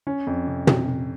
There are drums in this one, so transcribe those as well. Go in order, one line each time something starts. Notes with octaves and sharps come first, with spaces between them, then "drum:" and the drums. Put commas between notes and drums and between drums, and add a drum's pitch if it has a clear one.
C#4
F2
C3
C3, drum: tom
C3